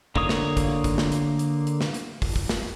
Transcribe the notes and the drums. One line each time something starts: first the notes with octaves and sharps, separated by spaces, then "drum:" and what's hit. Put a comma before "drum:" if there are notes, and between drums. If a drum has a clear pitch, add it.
D3 A#3 C#5 D#6, drum: kick
drum: snare
drum: kick, hi-hat
drum: kick, hi-hat
drum: snare
drum: hi-hat
drum: hi-hat
drum: hi-hat
drum: snare
drum: hi-hat
drum: kick, open hi-hat
drum: kick
drum: snare